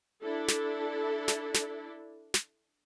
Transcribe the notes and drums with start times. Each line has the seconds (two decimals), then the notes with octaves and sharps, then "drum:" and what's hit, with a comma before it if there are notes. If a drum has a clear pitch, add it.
0.22 D4 E4 A4
0.49 drum: snare
1.28 drum: snare
1.55 drum: snare
2.34 drum: snare